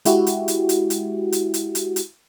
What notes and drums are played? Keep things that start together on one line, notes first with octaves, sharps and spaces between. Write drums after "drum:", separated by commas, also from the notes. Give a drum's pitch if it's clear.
G#3 E4 F#4 G4, drum: hi-hat
drum: hi-hat
drum: hi-hat
drum: hi-hat
drum: hi-hat
drum: hi-hat
drum: hi-hat
drum: hi-hat
drum: hi-hat